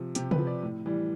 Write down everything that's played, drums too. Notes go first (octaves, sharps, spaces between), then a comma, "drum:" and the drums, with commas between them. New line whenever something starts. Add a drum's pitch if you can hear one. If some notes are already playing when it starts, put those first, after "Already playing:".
Already playing: C3 F3
C3 G4, drum: hi-hat
B4, drum: tom
F3
D5
A2
E3 G3